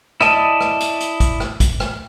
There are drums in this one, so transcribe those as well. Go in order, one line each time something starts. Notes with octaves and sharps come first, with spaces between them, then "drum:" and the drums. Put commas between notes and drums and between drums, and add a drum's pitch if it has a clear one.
E4 D5 D#5 A5, drum: rim click
drum: rim click
drum: hi-hat
drum: hi-hat
drum: kick, hi-hat
drum: rim click
drum: kick, hi-hat
drum: rim click